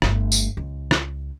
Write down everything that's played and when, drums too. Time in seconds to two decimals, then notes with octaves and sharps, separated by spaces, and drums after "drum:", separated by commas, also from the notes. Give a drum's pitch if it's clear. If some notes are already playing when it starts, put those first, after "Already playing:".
0.02 G1 A3, drum: rim click
0.32 drum: tambourine
0.57 C#2
0.91 drum: rim click